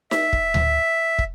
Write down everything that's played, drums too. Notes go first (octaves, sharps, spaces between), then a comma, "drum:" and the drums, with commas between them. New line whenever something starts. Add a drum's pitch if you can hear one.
E5, drum: snare D#4
drum: kick
drum: tom D2
drum: kick